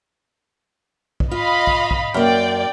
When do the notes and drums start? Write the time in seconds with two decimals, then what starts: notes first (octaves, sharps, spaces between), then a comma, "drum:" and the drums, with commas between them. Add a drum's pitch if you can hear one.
1.20 drum: kick
1.31 F4 D#5 F5 B5
1.67 drum: kick
1.91 drum: kick
2.14 F#2 A#3 D5 G5